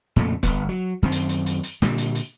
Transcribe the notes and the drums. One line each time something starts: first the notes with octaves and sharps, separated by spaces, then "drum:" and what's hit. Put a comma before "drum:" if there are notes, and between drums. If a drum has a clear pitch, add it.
F2 A#2 C#3 A3
G1 D#2 B3, drum: kick E1, hi-hat
F#3
F#2 D#3 C4
drum: hi-hat
drum: hi-hat
drum: hi-hat
drum: hi-hat
A#2 D3 G3, drum: snare
drum: hi-hat
drum: hi-hat